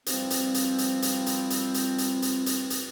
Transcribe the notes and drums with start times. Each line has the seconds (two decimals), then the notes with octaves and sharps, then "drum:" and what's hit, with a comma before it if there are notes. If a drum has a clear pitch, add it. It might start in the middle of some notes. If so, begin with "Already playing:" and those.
0.06 F3 G3 C4, drum: hi-hat
0.30 drum: hi-hat
0.54 drum: hi-hat
0.78 drum: hi-hat
1.02 drum: hi-hat
1.26 drum: hi-hat
1.50 drum: hi-hat
1.74 drum: hi-hat
1.98 drum: hi-hat
2.22 drum: hi-hat
2.46 drum: hi-hat
2.70 drum: hi-hat